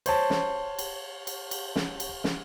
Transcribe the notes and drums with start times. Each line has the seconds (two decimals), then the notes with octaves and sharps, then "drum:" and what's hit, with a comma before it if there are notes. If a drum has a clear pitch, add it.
0.06 C5 C#5 A5, drum: cymbal
0.30 drum: snare
0.79 drum: cymbal
1.27 drum: cymbal
1.51 drum: cymbal
1.76 drum: snare
2.00 drum: cymbal
2.24 drum: snare